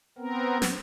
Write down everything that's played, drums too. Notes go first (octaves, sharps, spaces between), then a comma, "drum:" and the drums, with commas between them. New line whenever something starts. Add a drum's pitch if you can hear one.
B3 C4 A#4
drum: snare